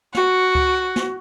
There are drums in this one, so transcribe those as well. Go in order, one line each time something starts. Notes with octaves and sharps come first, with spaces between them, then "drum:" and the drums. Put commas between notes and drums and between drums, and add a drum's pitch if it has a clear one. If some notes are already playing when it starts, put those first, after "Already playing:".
F#4, drum: snare
drum: kick C#2
drum: snare